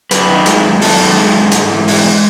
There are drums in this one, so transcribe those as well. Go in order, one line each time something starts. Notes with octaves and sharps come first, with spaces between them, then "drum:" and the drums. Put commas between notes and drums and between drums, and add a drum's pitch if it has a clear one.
F#2 B4, drum: hi-hat
D#3
G#3, drum: hi-hat
F#2
F#2 A4, drum: open hi-hat
D#3
G#3
F#2
G#2, drum: hi-hat
E3
G#3, drum: open hi-hat